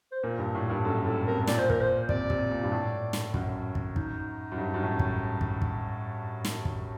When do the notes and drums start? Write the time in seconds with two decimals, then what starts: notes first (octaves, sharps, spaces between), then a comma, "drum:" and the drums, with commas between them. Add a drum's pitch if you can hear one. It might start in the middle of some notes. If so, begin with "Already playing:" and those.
0.12 C5
0.23 A#2 A#4
0.38 G2
0.55 A2
0.69 G2
0.85 F#2 A4
1.06 A2 A4
1.26 C3 A#4
1.47 A#2 D5, drum: snare
1.58 C5
1.70 A#4, drum: kick
1.81 C5
2.09 C3 D5, drum: kick
2.30 C3, drum: kick
2.51 A#2
2.63 G2
2.72 A2
3.13 drum: snare
3.34 F#2, drum: kick
3.75 drum: kick
3.96 D#4, drum: kick
4.52 F#2
4.58 G2
4.74 F#2
4.83 A2
5.00 drum: kick
5.41 drum: kick
5.62 drum: kick
6.45 drum: snare
6.65 drum: kick